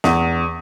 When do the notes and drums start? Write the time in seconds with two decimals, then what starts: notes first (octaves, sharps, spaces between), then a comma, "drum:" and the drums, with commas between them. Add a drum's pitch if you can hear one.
0.04 E2, drum: snare